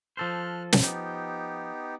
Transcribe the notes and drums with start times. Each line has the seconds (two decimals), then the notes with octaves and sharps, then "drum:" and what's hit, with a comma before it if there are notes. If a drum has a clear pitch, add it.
0.17 F3 A4 C5 F6 F#6
0.73 drum: snare
0.82 B3 D#4 G4